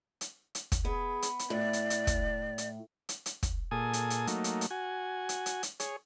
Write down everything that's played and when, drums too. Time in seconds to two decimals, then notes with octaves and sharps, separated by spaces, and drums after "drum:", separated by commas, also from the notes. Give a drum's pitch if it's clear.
0.21 drum: hi-hat
0.55 drum: hi-hat
0.72 drum: kick, hi-hat
0.85 B3 G#4
1.22 drum: hi-hat
1.39 drum: hi-hat
1.50 A2 D5
1.73 drum: hi-hat
1.90 drum: hi-hat
2.07 drum: kick, hi-hat
2.58 drum: hi-hat
3.09 drum: hi-hat
3.26 drum: hi-hat
3.43 drum: kick, hi-hat
3.71 A#2 G#4 A4 G#5 D#6
3.93 drum: hi-hat
4.10 drum: hi-hat
4.27 F#3 A3 A#3 D#4, drum: hi-hat
4.44 drum: hi-hat
4.61 drum: hi-hat
4.70 F#4 G#5
5.29 drum: hi-hat
5.46 drum: hi-hat
5.63 drum: hi-hat
5.80 G#4 C#5, drum: hi-hat